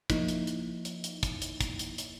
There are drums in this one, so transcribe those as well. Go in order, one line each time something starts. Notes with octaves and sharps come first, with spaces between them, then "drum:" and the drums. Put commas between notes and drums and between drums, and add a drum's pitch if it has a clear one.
F3 A#3 D#4 E4, drum: kick, hi-hat
drum: hi-hat
drum: hi-hat
drum: hi-hat
drum: hi-hat
drum: kick, hi-hat
drum: hi-hat
drum: kick, hi-hat
drum: hi-hat
drum: hi-hat